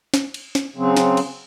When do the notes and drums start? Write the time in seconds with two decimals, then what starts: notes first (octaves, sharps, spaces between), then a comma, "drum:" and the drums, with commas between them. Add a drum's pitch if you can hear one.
0.14 drum: snare
0.34 drum: cymbal
0.55 drum: snare
0.76 C#3 F#3 C4
0.97 drum: snare
1.17 drum: cymbal